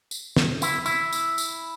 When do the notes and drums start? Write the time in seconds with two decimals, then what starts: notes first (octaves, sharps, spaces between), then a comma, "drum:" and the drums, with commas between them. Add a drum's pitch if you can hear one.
0.11 drum: tambourine
0.36 drum: snare
0.62 E4, drum: tambourine
0.86 E4, drum: tambourine
1.13 drum: tambourine
1.38 drum: tambourine